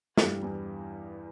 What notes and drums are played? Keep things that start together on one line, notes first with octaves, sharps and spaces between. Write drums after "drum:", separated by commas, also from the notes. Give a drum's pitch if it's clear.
E3, drum: snare
G2 G3
E2 E3